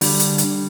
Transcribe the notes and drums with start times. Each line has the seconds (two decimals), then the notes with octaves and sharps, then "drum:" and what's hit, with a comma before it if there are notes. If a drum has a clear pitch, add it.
0.01 D3 G3, drum: open hi-hat
0.20 drum: hi-hat
0.38 drum: hi-hat